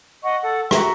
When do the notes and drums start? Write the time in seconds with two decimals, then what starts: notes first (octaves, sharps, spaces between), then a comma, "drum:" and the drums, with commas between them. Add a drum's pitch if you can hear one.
0.23 D#5 F#5 C#6
0.43 A4 F#5
0.71 F#4 E5 A#5, drum: rim click